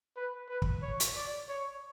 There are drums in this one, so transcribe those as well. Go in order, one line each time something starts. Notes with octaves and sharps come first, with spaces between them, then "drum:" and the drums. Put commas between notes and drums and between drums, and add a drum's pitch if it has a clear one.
B4
B4
drum: kick
C#5
drum: hi-hat
D5
C#5